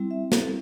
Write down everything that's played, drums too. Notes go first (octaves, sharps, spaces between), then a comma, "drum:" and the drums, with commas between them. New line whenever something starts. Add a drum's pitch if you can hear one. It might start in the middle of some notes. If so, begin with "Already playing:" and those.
Already playing: G3 C4 E4
E5
A4, drum: snare